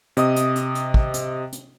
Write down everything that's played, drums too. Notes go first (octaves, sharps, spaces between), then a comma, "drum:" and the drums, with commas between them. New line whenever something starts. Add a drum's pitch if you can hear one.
C3 D#5 D#6, drum: hi-hat
drum: hi-hat
drum: hi-hat
drum: hi-hat
drum: kick
drum: hi-hat
drum: hi-hat